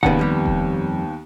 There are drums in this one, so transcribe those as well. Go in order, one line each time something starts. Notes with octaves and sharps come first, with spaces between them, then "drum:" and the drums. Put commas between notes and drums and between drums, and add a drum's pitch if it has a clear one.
D#2 C#3 B3 D5 F#5, drum: kick E1
F2 G3
drum: kick E1